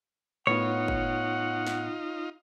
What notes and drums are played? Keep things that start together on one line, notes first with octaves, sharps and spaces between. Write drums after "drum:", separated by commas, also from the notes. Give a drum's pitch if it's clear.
A2 B3 D#4 F4 C#5 F#5
drum: kick F#1
drum: snare